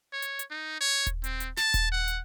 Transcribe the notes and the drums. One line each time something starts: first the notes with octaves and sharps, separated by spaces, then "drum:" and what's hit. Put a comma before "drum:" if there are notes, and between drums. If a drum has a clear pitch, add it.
C#5
drum: hi-hat
drum: hi-hat
D#4
C#5
drum: kick D#1, hi-hat
C4, drum: hi-hat
drum: hi-hat
A5, drum: snare
drum: kick D#1, hi-hat
F#5
drum: hi-hat